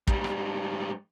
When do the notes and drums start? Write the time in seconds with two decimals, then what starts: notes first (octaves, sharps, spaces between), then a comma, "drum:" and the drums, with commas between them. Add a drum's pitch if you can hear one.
0.07 G#2 G3, drum: kick
0.24 drum: rim click